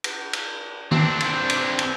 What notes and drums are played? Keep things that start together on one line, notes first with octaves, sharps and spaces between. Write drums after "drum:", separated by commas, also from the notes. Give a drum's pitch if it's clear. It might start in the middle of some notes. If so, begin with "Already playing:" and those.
drum: cymbal
drum: cymbal
C4 D4, drum: tom D#3
drum: cymbal
drum: cymbal
drum: cymbal